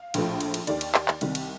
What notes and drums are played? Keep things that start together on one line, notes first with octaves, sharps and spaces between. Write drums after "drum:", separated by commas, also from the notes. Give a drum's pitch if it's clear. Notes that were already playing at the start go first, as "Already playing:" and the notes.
Already playing: F5
A#1 A2 F3, drum: cymbal
drum: cymbal
drum: cymbal
D#2 D#3 D5, drum: cymbal
drum: cymbal
drum: clap
drum: clap
C2 C3 D#3, drum: cymbal
drum: cymbal